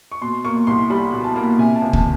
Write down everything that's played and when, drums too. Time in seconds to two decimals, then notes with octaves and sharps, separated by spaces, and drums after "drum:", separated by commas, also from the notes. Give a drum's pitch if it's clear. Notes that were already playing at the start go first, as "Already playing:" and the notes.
0.12 C#6
0.22 B2 C6
0.44 A#3 C#6
0.67 C2 C6
0.90 G3 B5
1.13 B2
1.24 A5
1.36 A#3
1.58 C3 G#5
1.76 A5
1.82 C#2
1.93 A5, drum: kick